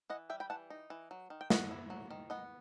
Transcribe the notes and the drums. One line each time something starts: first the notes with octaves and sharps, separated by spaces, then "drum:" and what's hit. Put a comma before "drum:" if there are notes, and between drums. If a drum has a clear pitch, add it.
E3 D#5 F#5
G3 E5 G5
G5 B5
E3 F#5 A5
D#4
E3
F#3
D#3
G5
B3 D#5 F#5, drum: snare
E4
F#3
D#3
B3 D#5 F#5